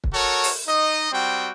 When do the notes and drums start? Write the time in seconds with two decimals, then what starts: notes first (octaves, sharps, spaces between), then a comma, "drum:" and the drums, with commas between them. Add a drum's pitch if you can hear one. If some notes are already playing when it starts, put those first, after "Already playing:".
0.04 drum: kick
0.14 F#4 A4 A#4 C#5
0.44 drum: open hi-hat
0.67 D#4 D#5
1.12 G3 C4 F#4 G5